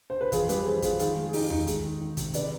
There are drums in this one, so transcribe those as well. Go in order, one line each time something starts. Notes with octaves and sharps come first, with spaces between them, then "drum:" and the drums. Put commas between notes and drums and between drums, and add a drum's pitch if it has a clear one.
C5
B4
F2 F4 G#4, drum: kick, hi-hat
G3 G4 B4, drum: hi-hat
F2 G#4 C5
F2 F4 G#4, drum: kick, hi-hat
D#3 F4 G#4, drum: hi-hat
G#3
G#4
G#3 D#4 G4, drum: open hi-hat
D#3 D#4, drum: tom E2
G#3, drum: kick, hi-hat
D#3
D#3
C3, drum: kick, hi-hat
C3 B4 D5, drum: hi-hat